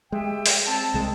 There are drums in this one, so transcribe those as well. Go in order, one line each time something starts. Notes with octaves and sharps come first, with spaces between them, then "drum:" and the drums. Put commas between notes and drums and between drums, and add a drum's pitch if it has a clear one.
G#3 G4 E5 G5
drum: open hi-hat
C4 A5
C2 G#3